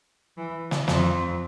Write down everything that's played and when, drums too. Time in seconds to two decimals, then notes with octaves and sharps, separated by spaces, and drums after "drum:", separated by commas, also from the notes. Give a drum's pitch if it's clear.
0.38 E3
0.71 drum: snare
0.88 F2, drum: snare